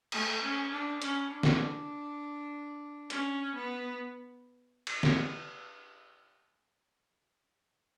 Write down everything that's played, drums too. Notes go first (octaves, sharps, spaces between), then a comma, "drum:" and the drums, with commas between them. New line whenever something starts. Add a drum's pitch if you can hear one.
A3, drum: cymbal
C#4
D4
C#4, drum: hi-hat
D4
drum: snare
C#4, drum: hi-hat
B3
drum: cymbal
drum: snare